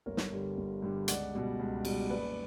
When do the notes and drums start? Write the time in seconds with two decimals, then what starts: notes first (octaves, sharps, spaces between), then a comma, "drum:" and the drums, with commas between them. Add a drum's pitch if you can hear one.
0.06 G1 A#4 C#5
0.17 drum: snare
0.32 G2 D3 G3
0.57 G1
0.82 G2 D3 G3
1.08 C#2 D5 F#5, drum: hi-hat
1.34 B2 G3
1.59 C#2
1.85 B2 G3, drum: cymbal
2.10 F#1 B4 D5